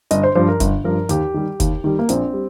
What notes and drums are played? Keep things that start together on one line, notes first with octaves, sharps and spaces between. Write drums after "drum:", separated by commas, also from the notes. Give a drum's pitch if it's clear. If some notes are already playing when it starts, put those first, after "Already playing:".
G1 D#5, drum: hi-hat
C5
G2 F3 C5
A#4
G1, drum: kick, hi-hat
G2 F3 A#4
D#2 G4, drum: hi-hat
D#3 G3
D#2, drum: kick, hi-hat
D#3 G3
A#3
A#1 C4, drum: hi-hat
G3